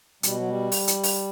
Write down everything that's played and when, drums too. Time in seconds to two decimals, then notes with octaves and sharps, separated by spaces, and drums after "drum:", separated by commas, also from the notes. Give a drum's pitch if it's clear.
0.23 B2 G3, drum: hi-hat
0.36 F#3
0.48 G3
0.72 drum: open hi-hat
0.87 drum: hi-hat
1.03 drum: open hi-hat